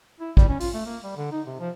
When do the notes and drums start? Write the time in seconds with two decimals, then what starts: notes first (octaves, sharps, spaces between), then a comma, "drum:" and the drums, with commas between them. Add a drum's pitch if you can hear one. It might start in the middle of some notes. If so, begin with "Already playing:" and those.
0.20 E4
0.37 G3, drum: kick
0.49 C#4
0.60 F4, drum: open hi-hat
0.74 A3
0.86 A#3
1.03 G3
1.16 D3
1.32 D#4
1.47 C3
1.60 F3